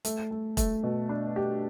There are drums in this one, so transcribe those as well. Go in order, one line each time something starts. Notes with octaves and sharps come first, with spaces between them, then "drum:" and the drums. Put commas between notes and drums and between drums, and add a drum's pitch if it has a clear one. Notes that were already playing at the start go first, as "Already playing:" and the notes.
A3, drum: hi-hat
A3
A3, drum: kick E1, hi-hat
B2
D4
G4